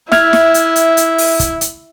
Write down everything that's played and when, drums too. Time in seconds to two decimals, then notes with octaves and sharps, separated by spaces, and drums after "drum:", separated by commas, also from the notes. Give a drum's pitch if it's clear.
0.12 E4 E5 F6 G#6, drum: snare
0.33 drum: snare
0.54 drum: hi-hat
0.76 drum: hi-hat
0.97 drum: hi-hat
1.18 drum: open hi-hat
1.40 drum: kick, hi-hat
1.61 drum: hi-hat